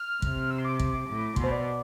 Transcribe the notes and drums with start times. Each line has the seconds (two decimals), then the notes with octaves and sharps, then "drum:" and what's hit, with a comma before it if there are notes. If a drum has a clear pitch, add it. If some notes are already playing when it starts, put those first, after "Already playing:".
Already playing: F6
0.22 C3, drum: kick
0.51 E6
0.58 C6
0.65 D6
0.80 drum: kick
1.08 A2
1.36 B2 C6, drum: kick
1.44 C5
1.52 D5